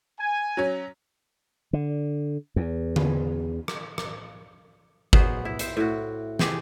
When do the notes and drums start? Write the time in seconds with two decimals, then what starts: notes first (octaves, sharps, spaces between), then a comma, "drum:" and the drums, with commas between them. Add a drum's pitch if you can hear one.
0.19 G#5
0.57 F#3 C#4
1.73 D3
2.56 E2
2.96 drum: tom D3
3.68 drum: rim click
3.98 drum: rim click
5.13 F#3 B3 G#4 C5, drum: kick G1
5.45 E4
5.59 C5 E5, drum: hi-hat
5.77 A2 E4 F#4
6.39 C3 G4 G#4 G5, drum: snare